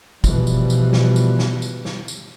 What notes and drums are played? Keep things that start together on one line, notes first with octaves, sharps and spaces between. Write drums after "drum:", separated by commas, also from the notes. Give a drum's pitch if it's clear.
B2 E3 F3 G3, drum: kick, tambourine
drum: tambourine
drum: tambourine
drum: snare
drum: tambourine
drum: snare
drum: tambourine
drum: snare
drum: tambourine